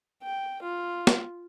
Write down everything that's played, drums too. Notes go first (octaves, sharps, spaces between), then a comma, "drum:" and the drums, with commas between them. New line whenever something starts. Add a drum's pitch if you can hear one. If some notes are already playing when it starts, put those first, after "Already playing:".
G5
F4
drum: snare